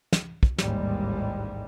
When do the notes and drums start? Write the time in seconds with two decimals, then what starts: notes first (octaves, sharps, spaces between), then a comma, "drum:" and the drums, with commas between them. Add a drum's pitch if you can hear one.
0.13 drum: snare
0.43 drum: kick
0.58 A1 D#2 G#2 G3 G#3, drum: snare